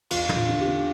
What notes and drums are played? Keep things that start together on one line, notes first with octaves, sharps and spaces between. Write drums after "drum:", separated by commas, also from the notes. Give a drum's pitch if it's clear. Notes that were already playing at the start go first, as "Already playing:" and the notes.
E2 F4, drum: cymbal
D3, drum: tom
F4
D3
G4
D3